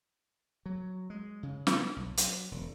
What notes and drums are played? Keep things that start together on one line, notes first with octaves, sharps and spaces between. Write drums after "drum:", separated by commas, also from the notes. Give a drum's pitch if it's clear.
F#3
G#3
C#3
B3, drum: snare
B1
F#3, drum: hi-hat
E1